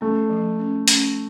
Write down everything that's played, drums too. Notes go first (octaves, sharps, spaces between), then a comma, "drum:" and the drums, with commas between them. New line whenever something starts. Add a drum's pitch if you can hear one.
A3 C#4
F3
C#4
C#4, drum: hi-hat